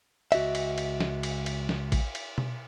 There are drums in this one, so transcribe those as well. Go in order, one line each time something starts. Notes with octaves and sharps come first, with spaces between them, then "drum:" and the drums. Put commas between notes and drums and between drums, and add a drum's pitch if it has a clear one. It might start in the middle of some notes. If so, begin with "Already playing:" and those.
C#2 F#4 D#5 E5, drum: cymbal
drum: cymbal
drum: cymbal
drum: snare
drum: cymbal
drum: cymbal
drum: snare
drum: kick A1, cymbal
drum: cymbal
drum: tom B2